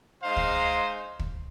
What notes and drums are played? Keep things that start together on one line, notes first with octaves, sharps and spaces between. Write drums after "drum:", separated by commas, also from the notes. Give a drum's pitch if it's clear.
G#3 D#4 C5 F5
drum: kick
drum: kick